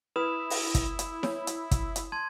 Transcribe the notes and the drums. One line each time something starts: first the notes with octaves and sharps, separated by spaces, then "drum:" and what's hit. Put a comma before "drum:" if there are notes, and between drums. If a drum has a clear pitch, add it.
E4 B4 B5 D#6 E7
drum: open hi-hat
drum: kick, hi-hat
drum: hi-hat
C#5, drum: snare E4
drum: hi-hat
drum: kick, hi-hat
drum: hi-hat
A5 C6 G#6